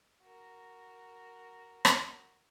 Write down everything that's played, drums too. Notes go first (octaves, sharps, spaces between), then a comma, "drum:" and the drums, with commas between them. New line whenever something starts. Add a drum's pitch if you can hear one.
F#4 A#4
drum: rim click